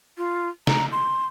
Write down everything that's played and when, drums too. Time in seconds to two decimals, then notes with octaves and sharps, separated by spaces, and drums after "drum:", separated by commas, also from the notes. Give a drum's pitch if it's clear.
0.18 F4
0.67 A#5, drum: snare
0.92 C6